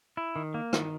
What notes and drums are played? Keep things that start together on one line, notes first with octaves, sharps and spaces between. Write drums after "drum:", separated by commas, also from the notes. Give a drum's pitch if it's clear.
E4
D#3
A#3
D#3, drum: rim click